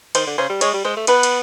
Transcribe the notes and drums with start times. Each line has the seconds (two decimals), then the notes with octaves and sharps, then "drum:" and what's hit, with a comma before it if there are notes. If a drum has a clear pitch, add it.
0.15 D#3 C5, drum: cymbal
0.27 D3
0.38 C#3 C5
0.49 G3
0.61 G#3 C#5, drum: cymbal
0.74 G3
0.85 G#3 C5
0.97 A3
1.07 B3 B4, drum: cymbal
1.23 drum: cymbal